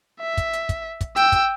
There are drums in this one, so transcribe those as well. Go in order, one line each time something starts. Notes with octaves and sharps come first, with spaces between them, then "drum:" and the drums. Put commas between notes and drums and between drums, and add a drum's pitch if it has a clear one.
E5
drum: kick, hi-hat
drum: hi-hat
drum: kick, hi-hat
drum: kick, hi-hat
G5 E6, drum: hi-hat
drum: kick, hi-hat